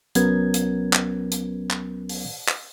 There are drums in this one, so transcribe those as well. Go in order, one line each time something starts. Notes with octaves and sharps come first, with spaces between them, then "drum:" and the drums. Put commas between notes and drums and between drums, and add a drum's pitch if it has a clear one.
C2 F#3 B3 C#4 A#4 G#6, drum: hi-hat
drum: hi-hat
drum: clap
drum: hi-hat
drum: clap
drum: open hi-hat
drum: clap